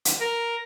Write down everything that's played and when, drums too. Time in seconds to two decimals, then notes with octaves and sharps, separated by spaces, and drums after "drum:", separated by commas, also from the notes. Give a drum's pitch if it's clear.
0.05 drum: hi-hat
0.21 A#4